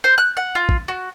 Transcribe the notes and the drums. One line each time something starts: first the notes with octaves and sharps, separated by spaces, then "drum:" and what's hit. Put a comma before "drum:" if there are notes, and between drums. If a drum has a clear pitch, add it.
C5
F#6
F#5
F4
drum: kick
F#4